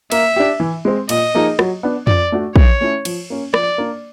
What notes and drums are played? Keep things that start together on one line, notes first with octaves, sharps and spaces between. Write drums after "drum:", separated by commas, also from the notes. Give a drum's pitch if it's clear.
A#3 E5, drum: cymbal
D4 G4
E3
G#3 C4
A#2 D#5, drum: cymbal
F3 A#3 D#4 G#4
F#3, drum: rim click
B3 D4
F3 D5, drum: tom F2
A3 D4 F#4
E3 C#5, drum: kick
A3 C#4 E4
F3, drum: cymbal
A#3 C#4
F3 D5, drum: rim click
A#3 D4